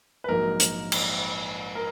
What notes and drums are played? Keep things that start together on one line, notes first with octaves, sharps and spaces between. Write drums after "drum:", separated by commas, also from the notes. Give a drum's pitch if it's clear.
B4
A#1 G#2 F#3 A#3 D#4 A#4
drum: hi-hat
drum: cymbal
A#4